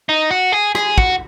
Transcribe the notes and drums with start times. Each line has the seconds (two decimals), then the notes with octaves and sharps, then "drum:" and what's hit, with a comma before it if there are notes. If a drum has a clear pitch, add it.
0.09 D#4
0.31 F#4
0.52 G#4
0.75 G#4, drum: rim click
0.98 F#4, drum: kick